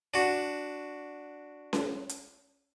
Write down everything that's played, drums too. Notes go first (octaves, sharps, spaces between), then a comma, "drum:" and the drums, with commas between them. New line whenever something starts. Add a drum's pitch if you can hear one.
D4 F#4
drum: snare C#4
drum: hi-hat